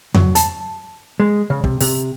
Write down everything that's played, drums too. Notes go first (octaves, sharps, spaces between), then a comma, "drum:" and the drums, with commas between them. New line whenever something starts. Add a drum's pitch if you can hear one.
F#3, drum: tom F2
A5, drum: hi-hat
G#3
C#3
C3, drum: kick
C3, drum: open hi-hat